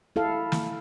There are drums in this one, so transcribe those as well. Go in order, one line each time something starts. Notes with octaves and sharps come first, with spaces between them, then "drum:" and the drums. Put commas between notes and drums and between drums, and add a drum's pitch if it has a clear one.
E4 A4 F5
drum: snare